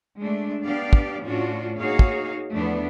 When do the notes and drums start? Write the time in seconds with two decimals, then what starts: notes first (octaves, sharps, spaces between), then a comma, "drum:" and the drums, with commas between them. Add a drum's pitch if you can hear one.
0.21 G#3 A3 D4
0.64 B3 D4 G4 D5 F5
0.93 drum: kick
1.22 A2 C#4 D4 F4 F#4
1.78 A#3 D#4 F#4 G#4 C#5 F5
1.99 drum: kick
2.53 E2 F3 A3 B3 D4